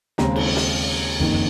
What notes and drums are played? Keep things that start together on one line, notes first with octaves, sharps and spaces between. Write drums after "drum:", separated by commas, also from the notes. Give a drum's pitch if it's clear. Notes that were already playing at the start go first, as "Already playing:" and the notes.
D#2 C#3 G#3 C4 A#5, drum: snare
drum: cymbal
drum: snare
F#1 F2 D#3 A#3 D#4